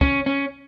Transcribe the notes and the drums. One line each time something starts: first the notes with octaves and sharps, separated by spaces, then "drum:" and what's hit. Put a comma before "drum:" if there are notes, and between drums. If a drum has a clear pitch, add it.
C#4, drum: kick
C#4